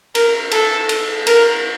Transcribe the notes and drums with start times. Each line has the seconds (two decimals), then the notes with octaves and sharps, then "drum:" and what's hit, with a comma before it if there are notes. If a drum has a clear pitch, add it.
0.15 A#4, drum: cymbal
0.51 A4, drum: cymbal
0.89 drum: cymbal
1.27 A#4, drum: cymbal